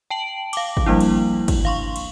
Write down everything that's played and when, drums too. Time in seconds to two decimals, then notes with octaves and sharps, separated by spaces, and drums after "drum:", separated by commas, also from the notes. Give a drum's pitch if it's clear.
0.10 G5 A5 D7 F#7
0.53 F5 D6, drum: cymbal
0.77 drum: kick
0.86 F3 G3 A#3 D4 E4
1.01 drum: cymbal
1.48 drum: kick, cymbal
1.65 F5 C6 C#6
1.96 drum: cymbal